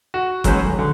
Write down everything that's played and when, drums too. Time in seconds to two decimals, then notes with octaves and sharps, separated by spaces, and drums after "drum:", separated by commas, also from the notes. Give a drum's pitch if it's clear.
0.14 F#4
0.44 D#2 F#3 G#3 C#4 B4 G6, drum: kick G1, hi-hat
0.64 D1
0.79 D3